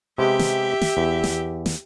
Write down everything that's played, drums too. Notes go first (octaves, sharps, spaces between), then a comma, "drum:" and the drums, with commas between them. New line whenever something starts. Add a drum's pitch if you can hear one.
C3 G#3 B3 G4 E5
drum: snare
drum: snare
E2
drum: snare
drum: snare